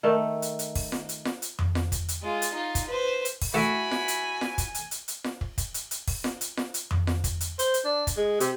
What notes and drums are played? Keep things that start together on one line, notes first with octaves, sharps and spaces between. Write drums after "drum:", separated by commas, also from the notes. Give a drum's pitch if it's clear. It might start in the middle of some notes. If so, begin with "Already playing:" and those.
D#3 A3
drum: hi-hat
drum: hi-hat
drum: kick, open hi-hat
drum: snare F4
drum: hi-hat
drum: snare F4
drum: hi-hat
drum: tom F2
drum: snare F4
drum: kick, hi-hat
drum: hi-hat
G#3 F4
drum: hi-hat
D#4 F4
drum: kick, hi-hat
B4 C5
drum: hi-hat
drum: kick, open hi-hat
A3 E4 F#4 D5 E5 G#5 B5
drum: snare F4
drum: hi-hat
drum: snare F4
drum: kick, hi-hat
drum: hi-hat
drum: hi-hat
drum: hi-hat
drum: snare F4
drum: kick
drum: kick, hi-hat
drum: hi-hat
drum: hi-hat
drum: kick, open hi-hat
drum: snare F4
drum: hi-hat
drum: snare F4
drum: hi-hat
drum: tom F2
drum: snare F4
drum: kick, hi-hat
drum: hi-hat
C5, drum: hi-hat
drum: hi-hat
D4
drum: kick, hi-hat
G#3
C3, drum: hi-hat